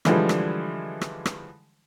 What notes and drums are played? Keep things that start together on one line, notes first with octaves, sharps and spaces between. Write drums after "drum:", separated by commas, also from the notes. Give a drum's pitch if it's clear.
D3 E3 F3 G3 G#3, drum: rim click
drum: rim click
drum: rim click
drum: rim click